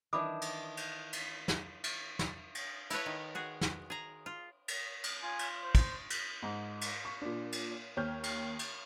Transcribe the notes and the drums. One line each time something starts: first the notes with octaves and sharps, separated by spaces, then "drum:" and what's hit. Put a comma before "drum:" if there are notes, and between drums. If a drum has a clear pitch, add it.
D#3 E3 D4 B5 D6 D#6
drum: cymbal
drum: cymbal
drum: cymbal
drum: snare
drum: cymbal
drum: snare
drum: cymbal
E4 A4 B4 C#5, drum: cymbal
D#3
F#4 G#4
drum: snare
G#4 A#5
F4
drum: cymbal
drum: cymbal
F4 G#5
drum: cymbal
C5
drum: kick, cymbal
drum: cymbal
G#2
drum: cymbal
C#6
A#2 D4
drum: cymbal
D#2 C#5 F6 G6
drum: cymbal
drum: cymbal